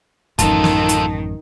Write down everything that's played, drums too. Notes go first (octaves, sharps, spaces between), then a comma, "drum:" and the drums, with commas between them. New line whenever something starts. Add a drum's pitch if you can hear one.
A1 F#2 D#3 F4 A4 A5, drum: kick F1, hi-hat
drum: snare
drum: hi-hat